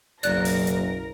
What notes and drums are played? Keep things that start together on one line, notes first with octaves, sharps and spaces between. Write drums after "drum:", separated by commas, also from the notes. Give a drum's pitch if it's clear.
F#1 B1 A#4 D5 F#6 A#6, drum: hi-hat
drum: open hi-hat
drum: hi-hat